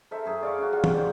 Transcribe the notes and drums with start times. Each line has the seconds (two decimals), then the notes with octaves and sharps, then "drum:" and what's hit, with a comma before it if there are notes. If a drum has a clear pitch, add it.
0.11 A4 A#4 C5 E5
0.25 F#2 G#4
0.43 D5 F5 C#6
0.58 C#4 F#4
0.73 F4 G4 F#5
0.84 drum: tom
0.94 G#2 C5 D5